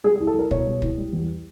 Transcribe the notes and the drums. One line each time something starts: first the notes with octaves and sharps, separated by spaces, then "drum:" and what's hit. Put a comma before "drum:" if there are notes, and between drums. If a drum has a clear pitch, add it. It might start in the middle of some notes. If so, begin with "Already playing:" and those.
G3 G#4
G#4
C2
A4
C2 A#4
B2 C#5, drum: kick
G3
C2, drum: kick
G3
E2